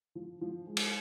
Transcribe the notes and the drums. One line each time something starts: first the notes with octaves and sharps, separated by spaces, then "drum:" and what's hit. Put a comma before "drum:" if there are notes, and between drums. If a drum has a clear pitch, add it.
F3
F3
G#3
drum: cymbal